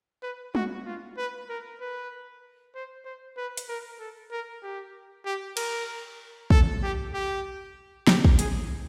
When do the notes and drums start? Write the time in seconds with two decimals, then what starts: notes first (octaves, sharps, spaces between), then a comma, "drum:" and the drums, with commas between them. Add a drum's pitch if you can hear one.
0.23 B4
0.55 F#4, drum: tom G3
0.86 F4
1.17 B4
1.49 A#4
1.81 B4
2.75 C5
3.05 C5
3.37 B4
3.57 drum: hi-hat
3.69 A#4
4.00 A4
4.31 A#4
4.63 G4
5.26 G4
5.57 A#4, drum: cymbal
6.50 A4, drum: kick
6.83 G4
7.13 G4
8.07 G4, drum: snare
8.25 drum: kick
8.39 G#4, drum: hi-hat